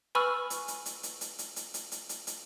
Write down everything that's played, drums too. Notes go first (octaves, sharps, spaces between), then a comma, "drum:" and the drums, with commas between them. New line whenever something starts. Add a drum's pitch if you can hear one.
B4 G#5 B5 C#6 E6 F6
drum: hi-hat
drum: hi-hat
drum: hi-hat
drum: hi-hat
drum: hi-hat
drum: hi-hat
drum: hi-hat
drum: hi-hat
drum: hi-hat
drum: hi-hat
drum: hi-hat